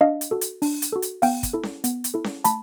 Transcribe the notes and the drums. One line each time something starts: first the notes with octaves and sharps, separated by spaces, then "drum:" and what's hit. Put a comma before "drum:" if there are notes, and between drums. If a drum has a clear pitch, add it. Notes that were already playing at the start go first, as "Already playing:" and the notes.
D4 D#5 F5
drum: hi-hat
F#4 A4
drum: hi-hat
D4, drum: open hi-hat
drum: hi-hat
F#4 A4
drum: hi-hat
B3 F5 G5, drum: open hi-hat
drum: kick, hi-hat
E4 A4
drum: snare C#4
B3, drum: hi-hat
drum: hi-hat
E4 A4
drum: snare C#4
A3 A5 B5, drum: hi-hat